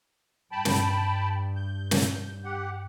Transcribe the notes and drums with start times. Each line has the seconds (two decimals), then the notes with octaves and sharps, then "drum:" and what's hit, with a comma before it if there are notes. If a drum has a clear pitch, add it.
0.52 G2 G5 A5 B5
0.65 drum: snare
1.56 G6
1.91 drum: snare
2.45 G4 F#5